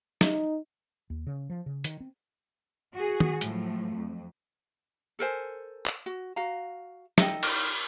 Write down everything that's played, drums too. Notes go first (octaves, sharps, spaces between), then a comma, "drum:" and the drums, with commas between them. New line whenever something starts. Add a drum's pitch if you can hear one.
D#4, drum: snare
D#2
C#3
F3
C#3
D#3, drum: hi-hat
C4
F#4 G#4
drum: tom D#3
A2 F3 F#3 A3, drum: hi-hat
F2
A4 A#4 C5 G#5
drum: clap
F#4
F#4 F5 A#5
D#4 A4 D#5 G5, drum: snare
drum: cymbal